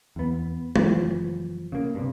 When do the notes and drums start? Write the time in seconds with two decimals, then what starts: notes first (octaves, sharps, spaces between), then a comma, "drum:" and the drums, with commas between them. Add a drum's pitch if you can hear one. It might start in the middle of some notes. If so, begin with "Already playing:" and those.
0.16 E2 B3
0.76 F#1 E3 F3, drum: tom G#3
1.72 C#3 A#3
1.95 G2 C3